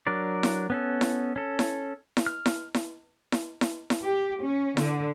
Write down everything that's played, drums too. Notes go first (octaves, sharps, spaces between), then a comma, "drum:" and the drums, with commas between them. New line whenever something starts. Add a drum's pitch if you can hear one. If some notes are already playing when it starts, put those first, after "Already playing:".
F#3 D4 A#4 D5
drum: snare E4
B3 C#4 A4
drum: snare E4
C#4 A4
drum: snare E4
drum: snare E4
F6
drum: snare E4
drum: snare E4
drum: snare E4
drum: snare E4
drum: snare E4
G4
C#4
D3, drum: snare E4